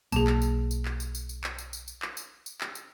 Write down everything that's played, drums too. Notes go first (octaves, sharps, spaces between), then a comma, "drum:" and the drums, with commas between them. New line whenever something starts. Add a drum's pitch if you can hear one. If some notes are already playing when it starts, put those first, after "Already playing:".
B1 A#3 G#4 A5, drum: tambourine
drum: clap
drum: tambourine
drum: tambourine
drum: clap
drum: tambourine
drum: tambourine
drum: tambourine
drum: clap
drum: tambourine
drum: tambourine
drum: tambourine
drum: clap
drum: tambourine
drum: tambourine
drum: clap
drum: tambourine